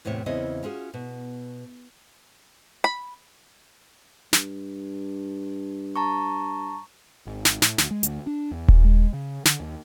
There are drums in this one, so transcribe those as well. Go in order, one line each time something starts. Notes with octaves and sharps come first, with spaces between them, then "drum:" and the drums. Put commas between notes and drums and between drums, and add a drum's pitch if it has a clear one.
E2 A2 C3 C4 C#5
E2 C#3 C4 E4 C#5 D#5
C#4 F4 F#4 G#4
B2
B5
G2, drum: snare
A5 A#5 C#6
G#1
drum: snare
A2, drum: snare
D2, drum: snare
G#3
D2, drum: hi-hat
D4
E2
drum: kick D#1
G#3
C#3
D3, drum: snare
D#2